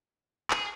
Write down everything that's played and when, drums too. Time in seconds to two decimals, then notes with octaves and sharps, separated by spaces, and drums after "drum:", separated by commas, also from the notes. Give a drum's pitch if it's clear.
0.51 G#4, drum: clap